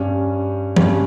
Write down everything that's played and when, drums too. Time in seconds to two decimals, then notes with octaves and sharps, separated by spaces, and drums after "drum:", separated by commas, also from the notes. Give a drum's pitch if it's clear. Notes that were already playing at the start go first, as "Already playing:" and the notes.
Already playing: G2 G3 C#4
0.76 G2 G3 C#4, drum: tom